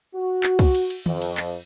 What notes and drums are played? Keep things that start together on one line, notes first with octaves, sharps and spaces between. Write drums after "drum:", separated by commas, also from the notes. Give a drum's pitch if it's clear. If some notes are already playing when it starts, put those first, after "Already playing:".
F#4
drum: clap
drum: kick, cymbal
drum: cymbal
drum: cymbal
F2, drum: tom
drum: cymbal
drum: clap